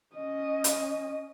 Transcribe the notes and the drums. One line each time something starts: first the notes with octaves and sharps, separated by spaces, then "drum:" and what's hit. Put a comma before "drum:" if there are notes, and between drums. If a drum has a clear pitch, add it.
C#4 D#5
drum: hi-hat